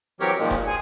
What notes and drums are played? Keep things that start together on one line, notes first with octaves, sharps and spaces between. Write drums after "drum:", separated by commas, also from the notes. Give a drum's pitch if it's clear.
E3 F#3 C4 G4 A#4 C#5, drum: hi-hat
A#2 D#3 F3 G#3
drum: kick F1, hi-hat
G#4 G#5